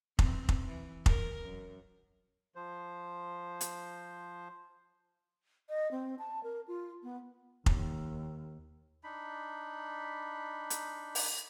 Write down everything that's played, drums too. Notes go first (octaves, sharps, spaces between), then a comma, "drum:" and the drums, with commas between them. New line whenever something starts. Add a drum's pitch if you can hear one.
E3 C4, drum: kick F1
drum: kick F1
E3
A#4, drum: kick F1
F#2
F3 C5
drum: hi-hat
D#5
C4
A5
A#4
F4
B3
D#2, drum: kick F1
D4 D#4 B5
drum: hi-hat
drum: open hi-hat